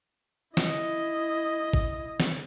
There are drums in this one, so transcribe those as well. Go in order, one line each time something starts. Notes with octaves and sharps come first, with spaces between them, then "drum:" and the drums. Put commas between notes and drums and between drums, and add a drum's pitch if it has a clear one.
E4 D#5, drum: snare
drum: kick G#1
drum: snare